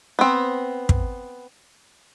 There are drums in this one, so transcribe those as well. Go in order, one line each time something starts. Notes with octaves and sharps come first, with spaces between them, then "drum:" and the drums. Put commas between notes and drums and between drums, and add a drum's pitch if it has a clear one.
B3 C4
drum: kick